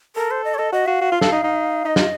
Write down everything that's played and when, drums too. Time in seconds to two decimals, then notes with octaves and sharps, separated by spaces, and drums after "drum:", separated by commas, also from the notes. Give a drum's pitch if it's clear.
0.15 A4 A#4
0.31 C5
0.44 D#5
0.54 C#5
0.58 A4 D#5
0.73 F#4 D#5
0.86 F#4 F5
1.01 F#4
1.12 F4
1.21 A4, drum: snare
1.32 D#4
1.43 D#4
1.85 D#4 D#5
1.96 F4, drum: snare